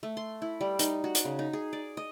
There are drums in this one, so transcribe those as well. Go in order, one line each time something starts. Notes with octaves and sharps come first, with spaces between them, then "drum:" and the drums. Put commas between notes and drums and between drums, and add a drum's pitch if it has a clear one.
A3
C6
E4
G3
D#4, drum: hi-hat
F#4
drum: hi-hat
C#3
D#4
G#4
D5
D#5